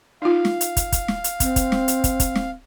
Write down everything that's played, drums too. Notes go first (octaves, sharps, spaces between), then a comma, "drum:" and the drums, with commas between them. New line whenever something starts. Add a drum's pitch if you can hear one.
D#4 F4 F5
drum: snare
drum: hi-hat
drum: kick, hi-hat
drum: kick, hi-hat
drum: snare
drum: hi-hat
C4, drum: kick, hi-hat
drum: kick, hi-hat
drum: snare
drum: hi-hat
drum: kick, hi-hat
drum: kick, hi-hat
drum: snare